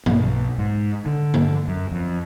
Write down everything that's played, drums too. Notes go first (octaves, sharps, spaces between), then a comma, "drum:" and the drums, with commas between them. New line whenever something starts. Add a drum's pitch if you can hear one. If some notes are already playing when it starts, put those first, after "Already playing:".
B1, drum: tom
G#2
D3
drum: tom
F#2
F2